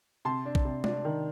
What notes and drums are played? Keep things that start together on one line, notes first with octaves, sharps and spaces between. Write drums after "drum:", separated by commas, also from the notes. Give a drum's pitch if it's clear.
C3 A5 C6
D4
drum: kick
C3
D4, drum: tom
D#3